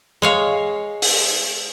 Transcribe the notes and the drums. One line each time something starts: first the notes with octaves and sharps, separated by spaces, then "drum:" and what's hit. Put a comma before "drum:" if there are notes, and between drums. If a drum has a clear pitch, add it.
G#3 C#5 F5
drum: open hi-hat